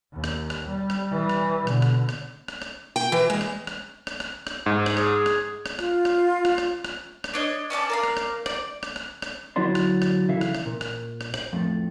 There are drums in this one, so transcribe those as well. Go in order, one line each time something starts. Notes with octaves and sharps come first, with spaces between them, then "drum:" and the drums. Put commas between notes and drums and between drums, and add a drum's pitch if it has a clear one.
D#2
drum: rim click
drum: rim click
G3
drum: rim click
E3 G3
drum: rim click
B2 D3, drum: rim click
drum: rim click
drum: rim click
drum: rim click
drum: rim click
G5
E3
G#3, drum: rim click
drum: rim click
drum: rim click
drum: rim click
drum: rim click
drum: rim click
G#2
drum: rim click
G#4, drum: rim click
drum: rim click
drum: rim click
F4, drum: rim click
drum: rim click
drum: rim click
drum: rim click
drum: rim click
drum: rim click
D4 C#5 D#5
C#4 D5 A5 D6
A#4 D5 F5
drum: rim click
drum: rim click
D5, drum: rim click
drum: rim click
drum: rim click
drum: rim click
D2 F#3 E4 F#4 D5 C6
drum: rim click
drum: rim click
C#3 E3 E4 A4 E5 F5
drum: rim click
drum: rim click
A#2
drum: rim click
drum: rim click
drum: rim click
F2 A2 A3